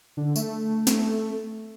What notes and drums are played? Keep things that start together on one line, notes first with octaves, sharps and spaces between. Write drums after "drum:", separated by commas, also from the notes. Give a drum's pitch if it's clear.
D3
A3, drum: tambourine
drum: snare